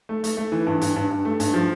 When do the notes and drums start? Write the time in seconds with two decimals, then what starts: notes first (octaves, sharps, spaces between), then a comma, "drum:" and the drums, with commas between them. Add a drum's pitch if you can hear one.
0.09 A3
0.24 A3, drum: hi-hat
0.37 A3
0.52 E3
0.67 G2
0.81 G2, drum: hi-hat
0.96 G2
1.11 G2
1.25 A3
1.40 G2, drum: hi-hat
1.54 F3